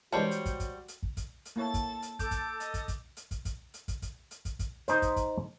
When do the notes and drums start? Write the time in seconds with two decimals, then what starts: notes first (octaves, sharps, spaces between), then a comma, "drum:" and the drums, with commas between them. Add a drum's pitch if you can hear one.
0.12 E3 G3 G#3 D4 F#4 G4 C5 C#5
0.31 drum: hi-hat
0.45 drum: kick, hi-hat
0.60 drum: kick, hi-hat
0.88 drum: hi-hat
1.03 drum: kick
1.17 drum: kick, hi-hat
1.45 drum: hi-hat
1.56 A#3 E4 A4 C#5 A6
1.74 drum: kick, hi-hat
2.02 drum: hi-hat
2.19 A4 D6 G6 D7, drum: kick, hi-hat
2.31 drum: kick, hi-hat
2.60 D#5, drum: hi-hat
2.74 drum: kick, hi-hat
2.88 drum: kick, hi-hat
3.17 drum: hi-hat
3.31 drum: kick, hi-hat
3.45 drum: kick, hi-hat
3.74 drum: hi-hat
3.88 drum: kick, hi-hat
4.02 drum: kick, hi-hat
4.31 drum: hi-hat
4.45 drum: kick, hi-hat
4.59 drum: kick, hi-hat
4.88 D#4 C5, drum: hi-hat
5.02 drum: kick, hi-hat
5.16 drum: kick, hi-hat